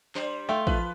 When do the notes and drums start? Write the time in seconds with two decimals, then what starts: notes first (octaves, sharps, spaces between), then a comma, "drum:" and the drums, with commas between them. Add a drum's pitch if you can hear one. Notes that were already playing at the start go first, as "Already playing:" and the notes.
0.15 G3 D4 C5, drum: clap
0.49 A3 F4 G5
0.67 F3 B4, drum: kick A1